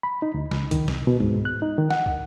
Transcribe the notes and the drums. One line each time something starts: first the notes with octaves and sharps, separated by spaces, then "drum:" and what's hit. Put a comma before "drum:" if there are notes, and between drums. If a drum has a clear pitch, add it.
B5
D#4
D2
C#2, drum: snare
D#3, drum: kick, hi-hat
C2, drum: snare
B2
G#2, drum: kick
F#6
D#4
D#3
F#5, drum: snare
drum: kick